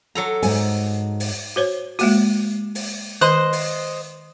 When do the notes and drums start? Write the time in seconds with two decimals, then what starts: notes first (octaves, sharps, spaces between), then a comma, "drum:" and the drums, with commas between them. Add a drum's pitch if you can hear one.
0.15 F#3 A4 A#5
0.42 G#2 G#5, drum: open hi-hat
1.20 drum: open hi-hat
1.56 F#4 C5 C#5
1.99 G#3 A#3 F#4, drum: open hi-hat
2.75 drum: open hi-hat
3.21 D#3 C5 D#5 F#6
3.53 drum: open hi-hat